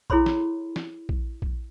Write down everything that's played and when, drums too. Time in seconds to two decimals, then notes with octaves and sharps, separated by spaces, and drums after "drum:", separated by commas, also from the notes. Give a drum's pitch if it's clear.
0.10 E4 G#4 A4 C#5 B5 C6, drum: kick A#1
0.26 drum: snare
0.76 drum: snare
1.09 drum: kick A#1
1.42 drum: kick A#1